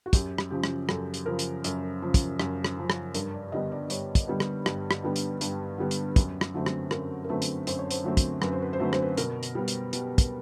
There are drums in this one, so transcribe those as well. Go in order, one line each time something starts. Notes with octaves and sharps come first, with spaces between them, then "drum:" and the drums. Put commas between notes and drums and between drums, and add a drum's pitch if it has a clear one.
F#4
F#2 G4, drum: kick, hi-hat
drum: rim click
C#3 F3 G4
drum: rim click
F#2 A4, drum: rim click
drum: hi-hat
C#3 F3 A#4
drum: hi-hat
F#2, drum: hi-hat
C#3 F3
drum: kick, hi-hat
F#2, drum: rim click
drum: rim click
C#3 F3
drum: rim click
G2 A#4, drum: hi-hat
D5
D3 G3 B3 D#5
D5
G2 C#5, drum: hi-hat
drum: kick, hi-hat
D3 G3 B3
drum: rim click
G2, drum: rim click
drum: rim click
D3 G3 B3
drum: hi-hat
G2, drum: hi-hat
D3 G3 B3
drum: hi-hat
F#2, drum: kick, hi-hat
drum: rim click
D3 F#3 A3 C4
drum: rim click
F#2 A#4, drum: rim click
A#4
D3 F#3 A3 C4 B4
drum: hi-hat
F#2 C5, drum: hi-hat
C#5
C5, drum: hi-hat
D3 F#3 A3 C4
drum: kick, hi-hat
F#2 B4, drum: rim click
C5
B4
C5
D3 F#3 A3 C4 B4
C5, drum: rim click
B4
B2 A#4, drum: hi-hat
drum: hi-hat
G3 B3
drum: hi-hat
B2, drum: hi-hat
drum: kick, hi-hat